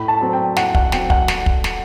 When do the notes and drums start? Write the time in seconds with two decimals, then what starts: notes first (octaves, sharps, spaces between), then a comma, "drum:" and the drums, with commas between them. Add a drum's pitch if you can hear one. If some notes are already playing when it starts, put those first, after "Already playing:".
Already playing: A2 B5
0.08 A5
0.21 F#3 C4
0.33 G5
0.57 A2 F#5, drum: snare
0.75 F#5, drum: kick
0.92 F#3 C4 G5, drum: snare
1.10 F#5, drum: kick
1.28 drum: snare
1.46 drum: kick
1.64 drum: snare